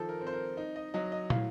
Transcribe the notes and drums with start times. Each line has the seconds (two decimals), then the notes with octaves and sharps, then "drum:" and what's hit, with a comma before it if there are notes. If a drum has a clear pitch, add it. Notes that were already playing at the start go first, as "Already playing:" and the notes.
Already playing: D#3 F3 A4
0.09 A#4
0.21 C4
0.27 C5
0.33 A#4
0.57 D#4
0.76 D#5
0.94 F#3 D#5
1.12 D#5
1.30 A2 F5, drum: tom